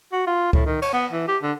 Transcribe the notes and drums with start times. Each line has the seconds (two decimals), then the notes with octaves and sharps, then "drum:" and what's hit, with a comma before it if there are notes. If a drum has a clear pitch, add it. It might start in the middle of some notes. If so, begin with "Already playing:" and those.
0.13 F#4
0.27 F4
0.53 A2, drum: kick C#2
0.66 D#3
0.82 C#5, drum: cymbal
0.93 B3
1.12 E3
1.28 G4
1.43 D3